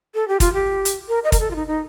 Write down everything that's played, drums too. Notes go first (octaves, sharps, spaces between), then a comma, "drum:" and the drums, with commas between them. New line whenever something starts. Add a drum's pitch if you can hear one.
A4
G4
F4, drum: kick, hi-hat
G4
drum: hi-hat
A#4
D#5
A#4, drum: kick, hi-hat
A4
F4
D#4
D#4